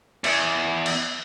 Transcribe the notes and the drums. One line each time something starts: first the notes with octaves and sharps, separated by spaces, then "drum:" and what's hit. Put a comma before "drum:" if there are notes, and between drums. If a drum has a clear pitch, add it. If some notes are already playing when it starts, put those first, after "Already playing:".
E2, drum: cymbal
drum: cymbal